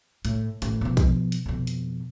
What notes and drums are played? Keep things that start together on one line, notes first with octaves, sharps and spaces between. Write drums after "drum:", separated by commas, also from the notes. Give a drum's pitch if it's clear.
A2, drum: hi-hat
A1, drum: hi-hat
B2 F3
drum: kick, hi-hat
drum: hi-hat
F2 B2
drum: hi-hat